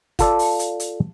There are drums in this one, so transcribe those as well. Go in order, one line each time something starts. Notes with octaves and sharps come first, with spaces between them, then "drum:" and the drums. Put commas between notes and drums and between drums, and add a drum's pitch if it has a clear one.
F4 A4 D5, drum: kick, hi-hat
drum: open hi-hat
drum: hi-hat
drum: hi-hat